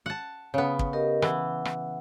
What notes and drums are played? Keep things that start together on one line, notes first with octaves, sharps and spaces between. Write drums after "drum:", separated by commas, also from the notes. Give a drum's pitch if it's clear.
F#5 A5
C#3 B3
drum: kick
G4 A#4 D#5
E3 F#5, drum: rim click
drum: rim click